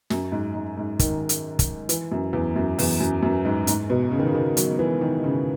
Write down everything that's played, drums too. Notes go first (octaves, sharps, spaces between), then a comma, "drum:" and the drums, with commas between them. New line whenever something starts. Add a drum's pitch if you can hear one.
F#2, drum: snare
G#2
G#2
G#2
D#3, drum: kick, hi-hat
drum: hi-hat
drum: kick, hi-hat
E3, drum: hi-hat
F#2
E2
F#2
E2, drum: open hi-hat
F#2
F#2
G#2
G#2, drum: hi-hat
B2
C#3
D#3
C#3
D#3
F#3, drum: hi-hat
E3
D#3
C#3